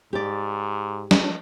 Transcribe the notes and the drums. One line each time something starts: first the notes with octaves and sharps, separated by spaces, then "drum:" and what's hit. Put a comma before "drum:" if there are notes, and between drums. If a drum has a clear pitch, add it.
G#2 G4 D5
drum: snare